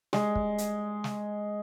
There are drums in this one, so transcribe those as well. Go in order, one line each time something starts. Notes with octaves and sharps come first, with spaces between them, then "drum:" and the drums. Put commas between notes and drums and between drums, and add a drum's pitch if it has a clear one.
G#3, drum: snare
drum: kick
drum: hi-hat
drum: snare